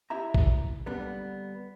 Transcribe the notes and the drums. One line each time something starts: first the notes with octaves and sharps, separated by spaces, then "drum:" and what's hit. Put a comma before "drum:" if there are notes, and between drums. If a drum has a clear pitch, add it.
E4 G4 E5 A#5
drum: kick
D3 G3 A#3 B3 D4